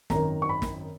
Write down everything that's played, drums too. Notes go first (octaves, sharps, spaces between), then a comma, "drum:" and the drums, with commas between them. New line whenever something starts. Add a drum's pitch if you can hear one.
G#1 F#2 D#3 A#5, drum: snare
C#6
B5
drum: snare